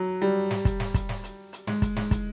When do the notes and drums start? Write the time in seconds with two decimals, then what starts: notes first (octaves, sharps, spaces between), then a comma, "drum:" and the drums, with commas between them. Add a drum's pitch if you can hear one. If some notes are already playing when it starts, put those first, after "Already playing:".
Already playing: F#3
0.22 G3
0.51 drum: snare
0.65 drum: kick, hi-hat
0.80 drum: snare
0.94 drum: kick, hi-hat
1.09 drum: snare
1.24 drum: hi-hat
1.53 drum: hi-hat
1.67 G#3, drum: snare
1.82 drum: kick, hi-hat
1.96 G#3, drum: snare
2.11 drum: kick, hi-hat